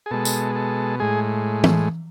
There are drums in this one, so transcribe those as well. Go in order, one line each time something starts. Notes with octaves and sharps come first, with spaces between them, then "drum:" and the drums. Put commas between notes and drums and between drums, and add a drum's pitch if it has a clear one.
G#4
B2 G#3 A4
drum: tambourine
A4
A2 G#3 G#4
drum: tom